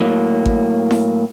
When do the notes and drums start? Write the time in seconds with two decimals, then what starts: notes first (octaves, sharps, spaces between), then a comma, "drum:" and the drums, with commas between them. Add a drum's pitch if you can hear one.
0.01 A2 F#3 A#3
0.46 drum: kick
0.91 drum: snare E4